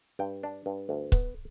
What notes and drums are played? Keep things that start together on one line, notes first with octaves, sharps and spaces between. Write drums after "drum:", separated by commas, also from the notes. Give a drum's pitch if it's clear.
G2 G5
D4
G2
D2
B3, drum: kick C#1